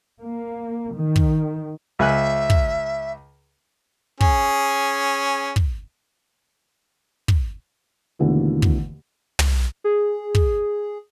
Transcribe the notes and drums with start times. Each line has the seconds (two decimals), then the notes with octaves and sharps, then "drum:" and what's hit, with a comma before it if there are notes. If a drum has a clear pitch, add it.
0.20 A#3
0.94 D#3
1.16 drum: kick
1.99 C#2 E5 G#5 F#6
2.50 drum: kick
4.21 C#4 G#4, drum: kick
5.56 drum: kick
7.28 drum: kick
8.19 D#2 B2 D3 E3 A3
8.62 drum: kick
9.39 drum: tom
9.84 G#4
10.35 drum: kick